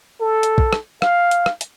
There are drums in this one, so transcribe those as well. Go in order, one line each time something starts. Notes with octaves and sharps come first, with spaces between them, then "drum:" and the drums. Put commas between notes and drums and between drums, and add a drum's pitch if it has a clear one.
A4
drum: hi-hat
drum: kick
drum: rim click
F5, drum: rim click
drum: hi-hat
drum: rim click
drum: hi-hat